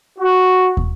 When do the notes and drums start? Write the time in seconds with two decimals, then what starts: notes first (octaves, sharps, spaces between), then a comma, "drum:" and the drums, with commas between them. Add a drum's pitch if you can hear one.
0.18 F#4
0.77 drum: kick